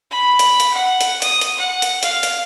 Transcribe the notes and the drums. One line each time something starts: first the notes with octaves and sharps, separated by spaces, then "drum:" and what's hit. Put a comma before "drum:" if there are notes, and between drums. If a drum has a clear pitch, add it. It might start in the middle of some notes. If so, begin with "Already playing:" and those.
B5
drum: hi-hat
drum: hi-hat
F#5
drum: hi-hat
D#6, drum: hi-hat
drum: hi-hat
F#5
drum: hi-hat
F5, drum: hi-hat
drum: hi-hat